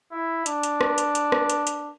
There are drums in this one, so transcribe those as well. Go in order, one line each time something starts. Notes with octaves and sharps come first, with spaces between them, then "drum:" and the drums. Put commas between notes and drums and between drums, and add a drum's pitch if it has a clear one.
E4
D4, drum: hi-hat
drum: hi-hat
drum: rim click
drum: hi-hat
drum: hi-hat
drum: rim click
drum: hi-hat
drum: hi-hat